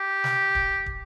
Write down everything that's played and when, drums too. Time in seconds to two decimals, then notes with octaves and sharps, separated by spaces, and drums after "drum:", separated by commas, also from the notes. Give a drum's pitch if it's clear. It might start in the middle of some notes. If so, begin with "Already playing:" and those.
Already playing: G4
0.24 drum: snare
0.55 drum: kick
0.86 drum: kick